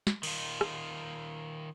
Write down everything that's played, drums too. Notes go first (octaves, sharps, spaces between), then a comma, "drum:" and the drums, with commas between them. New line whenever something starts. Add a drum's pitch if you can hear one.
drum: snare
D#3 F4, drum: cymbal
drum: rim click